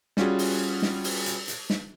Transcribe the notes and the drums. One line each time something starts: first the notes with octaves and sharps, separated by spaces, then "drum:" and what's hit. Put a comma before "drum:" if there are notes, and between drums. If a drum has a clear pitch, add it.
G3 C#4 F4 F#4 G#4, drum: snare
drum: open hi-hat
drum: snare
drum: open hi-hat
drum: hi-hat
drum: hi-hat
drum: snare